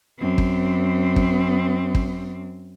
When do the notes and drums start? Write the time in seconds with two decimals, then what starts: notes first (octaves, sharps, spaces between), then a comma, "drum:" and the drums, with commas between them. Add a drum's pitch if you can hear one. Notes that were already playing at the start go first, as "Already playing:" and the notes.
0.18 F#2 C4
0.38 drum: kick
1.16 drum: kick
1.95 drum: kick